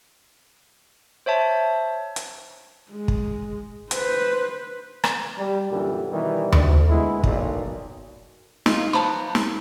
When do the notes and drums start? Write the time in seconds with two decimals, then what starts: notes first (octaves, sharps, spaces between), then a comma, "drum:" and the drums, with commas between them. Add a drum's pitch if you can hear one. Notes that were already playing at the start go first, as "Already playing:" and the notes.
1.26 C5 C#5 E5 A5
2.16 drum: hi-hat
2.91 G#3
3.08 drum: kick
3.91 B4 C5, drum: hi-hat
5.04 drum: rim click
5.38 G3
5.71 F#2 A#2 D3 E3 G3 G4
6.12 B2 D#3 E3 G3
6.52 D2, drum: tom D#2
6.89 A#2 G#3 B3 E4
7.23 B1 A#2, drum: kick
8.66 D#4 F4, drum: snare
8.93 F3 F#3 B3 A5 B5
9.35 drum: snare